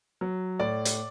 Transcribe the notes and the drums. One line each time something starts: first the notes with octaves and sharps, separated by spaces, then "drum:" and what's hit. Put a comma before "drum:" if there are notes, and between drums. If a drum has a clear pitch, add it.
F#3
A2 D5 D6
drum: hi-hat